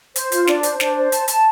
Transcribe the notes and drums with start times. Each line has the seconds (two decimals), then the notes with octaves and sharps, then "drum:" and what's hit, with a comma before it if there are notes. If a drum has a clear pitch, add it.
0.16 C5, drum: hi-hat
0.32 F4, drum: hi-hat
0.47 D4, drum: snare
0.63 C5, drum: hi-hat
0.80 D4, drum: snare
0.95 C5
1.12 A5, drum: hi-hat
1.28 A5, drum: hi-hat